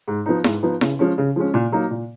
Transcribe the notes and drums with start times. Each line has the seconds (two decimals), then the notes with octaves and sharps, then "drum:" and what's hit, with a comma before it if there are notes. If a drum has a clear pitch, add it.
0.08 G#2
0.26 F3 B3 D#4
0.44 G#2, drum: snare E4
0.63 F3 B3 D#4
0.81 C#3, drum: snare E4
0.99 F3 G#3 C#4
1.18 C#3
1.36 F3 G#3 C#4
1.54 A#2
1.72 F#3 A#3 D#4
1.91 A#2